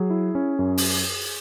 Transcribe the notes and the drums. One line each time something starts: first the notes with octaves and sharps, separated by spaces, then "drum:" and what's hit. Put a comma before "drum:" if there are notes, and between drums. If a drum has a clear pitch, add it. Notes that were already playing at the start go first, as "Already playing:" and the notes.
Already playing: F#3 G#4
E4
C#4
F#2
drum: open hi-hat